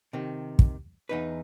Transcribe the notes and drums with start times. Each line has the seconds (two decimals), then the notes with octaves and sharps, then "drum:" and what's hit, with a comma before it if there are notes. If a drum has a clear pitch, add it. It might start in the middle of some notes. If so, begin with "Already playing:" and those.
0.13 C3 D#3
0.59 drum: kick
1.09 E2 D#4 B4